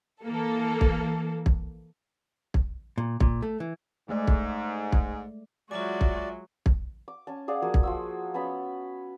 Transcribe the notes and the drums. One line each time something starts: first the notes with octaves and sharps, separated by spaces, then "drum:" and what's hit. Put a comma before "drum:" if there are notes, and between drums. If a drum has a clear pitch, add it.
E3 A#3 A4
drum: kick
drum: kick
drum: kick
A#2
A#2, drum: kick
A3
E3
G#2 G#3 A3 D5
drum: kick
drum: kick
F#3 G#3 F4 F#4 D5 E5 G#5
drum: kick
drum: kick
D6
C#4 A5
G#4 D5 F5 F#5
F3 A#3 F#4 G#4
drum: kick
F3 F#4 E6
B3 C#4 A5 B5